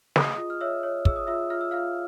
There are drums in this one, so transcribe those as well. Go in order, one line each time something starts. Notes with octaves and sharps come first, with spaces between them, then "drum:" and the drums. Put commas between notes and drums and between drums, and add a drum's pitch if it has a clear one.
G#4 D#5 D#6, drum: snare
F4
F6
C#5 E5 E6
C#5
G#4 E6, drum: kick
D#6
F4 E5 E6
F4 F6
E6
F4 F5 F6